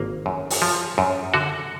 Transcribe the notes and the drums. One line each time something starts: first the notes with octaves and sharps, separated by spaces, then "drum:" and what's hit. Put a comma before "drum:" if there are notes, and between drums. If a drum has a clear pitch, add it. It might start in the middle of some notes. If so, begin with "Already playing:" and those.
Already playing: G#1 A#3
F#2
drum: open hi-hat
F3
F#2
D3 F#4